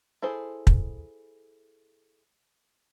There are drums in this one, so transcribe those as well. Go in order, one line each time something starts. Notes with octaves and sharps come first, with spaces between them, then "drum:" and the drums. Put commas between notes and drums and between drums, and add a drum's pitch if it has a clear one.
E4 G#4 A4 C5
drum: kick